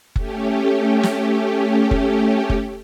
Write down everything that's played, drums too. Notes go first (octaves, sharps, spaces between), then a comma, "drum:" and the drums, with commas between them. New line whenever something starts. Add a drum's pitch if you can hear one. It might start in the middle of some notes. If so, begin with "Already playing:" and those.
A3 C#4 G4, drum: kick F#1
drum: snare
drum: kick F#1
drum: kick F#1